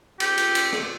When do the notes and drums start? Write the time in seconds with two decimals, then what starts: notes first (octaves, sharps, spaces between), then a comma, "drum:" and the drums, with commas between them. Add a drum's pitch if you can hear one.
0.20 G4, drum: cymbal
0.38 drum: cymbal
0.55 drum: cymbal
0.73 drum: rim click